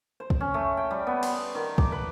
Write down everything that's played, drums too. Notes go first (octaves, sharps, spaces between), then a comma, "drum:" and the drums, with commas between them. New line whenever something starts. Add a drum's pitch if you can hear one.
C5
drum: kick
C#4
A3
G5
G3
B3
C6, drum: cymbal
D#3
D6, drum: kick
B4